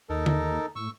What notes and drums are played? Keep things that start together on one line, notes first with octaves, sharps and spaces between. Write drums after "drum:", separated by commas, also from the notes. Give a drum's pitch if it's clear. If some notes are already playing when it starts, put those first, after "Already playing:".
D#2 D#4 A4 A#4
drum: tom D3
A2 C#6 E6